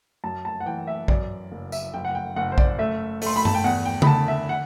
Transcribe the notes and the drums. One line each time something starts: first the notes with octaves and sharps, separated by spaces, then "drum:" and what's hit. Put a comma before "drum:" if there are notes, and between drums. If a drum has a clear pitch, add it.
F#2 A5
A5
F#5
E3 G5
E5
F#2 D5, drum: kick A#1
F#1
E5, drum: tambourine
F#1 G5
F#5
G5
F#1 F#5
C5
D5, drum: kick A#1
A3 E5
A3 C6, drum: open hi-hat
B5
A5, drum: tom G2
G5
E2 F#5
G5
B5, drum: tom C#3
D3 A5
E5
F#5